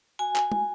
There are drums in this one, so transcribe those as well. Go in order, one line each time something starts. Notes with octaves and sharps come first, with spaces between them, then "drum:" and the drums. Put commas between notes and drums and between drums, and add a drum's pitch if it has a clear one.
F#4 G#5
drum: clap
drum: tom